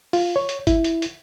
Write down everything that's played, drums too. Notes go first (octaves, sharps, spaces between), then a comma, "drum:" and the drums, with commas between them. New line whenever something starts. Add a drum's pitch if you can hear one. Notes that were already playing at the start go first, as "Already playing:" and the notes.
F4, drum: open hi-hat
C#5
drum: hi-hat
E4, drum: kick G1, hi-hat
drum: hi-hat
drum: hi-hat